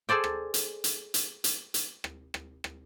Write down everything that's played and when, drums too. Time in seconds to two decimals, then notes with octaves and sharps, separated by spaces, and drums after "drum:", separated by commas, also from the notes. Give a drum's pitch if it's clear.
0.09 G#4 A4 C5 D5 G5
0.24 drum: rim click
0.54 drum: hi-hat
0.84 drum: hi-hat
1.14 drum: hi-hat
1.44 drum: hi-hat
1.74 drum: hi-hat
2.04 drum: rim click
2.34 drum: rim click
2.64 drum: rim click